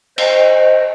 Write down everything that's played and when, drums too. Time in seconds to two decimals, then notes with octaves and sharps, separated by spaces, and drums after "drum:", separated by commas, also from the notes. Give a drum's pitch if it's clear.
0.18 C5 D#5, drum: cymbal